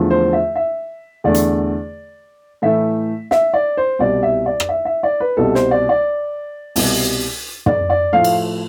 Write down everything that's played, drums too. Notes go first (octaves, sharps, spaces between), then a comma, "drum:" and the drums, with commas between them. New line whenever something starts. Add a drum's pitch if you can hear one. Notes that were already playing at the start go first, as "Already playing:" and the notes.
Already playing: E2 D3 F3 A3
C5
E5
E5
E2 D3 A3 D5
drum: hi-hat
A2 E3 A3 E5
E5, drum: snare
D5
C5
C2 B2 G3 D5
E5
D5
drum: rim click
E5
E5
D5
B4
C2 B2 G3 A4
C5, drum: snare
D5
D5
C2 B2 G3, drum: open hi-hat
D5, drum: tom
D5
A2 F3 A3 F5
drum: cymbal